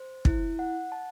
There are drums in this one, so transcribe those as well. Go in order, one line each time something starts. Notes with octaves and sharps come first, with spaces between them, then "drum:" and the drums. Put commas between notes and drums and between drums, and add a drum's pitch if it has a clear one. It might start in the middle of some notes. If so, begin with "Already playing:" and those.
Already playing: C5
E4, drum: kick
F#5
A5